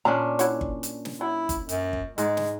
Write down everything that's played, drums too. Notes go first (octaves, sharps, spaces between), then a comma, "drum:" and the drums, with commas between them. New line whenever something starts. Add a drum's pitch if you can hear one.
A#2 C#4 D4 A#5
E4 F#4 C#5, drum: hi-hat
drum: kick G1
drum: hi-hat
drum: snare
F#3 E4
drum: kick G1, hi-hat
F#2, drum: hi-hat
drum: kick G1
G#2 G#3, drum: hi-hat
drum: snare